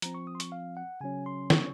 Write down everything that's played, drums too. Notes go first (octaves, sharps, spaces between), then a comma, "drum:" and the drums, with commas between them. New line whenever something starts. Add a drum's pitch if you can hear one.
F3 C4 A#5, drum: hi-hat
C#6
D#6
C6
C#6, drum: hi-hat
F5
F#5
C#3 F#3 C#4 G#5
C6
C#6, drum: snare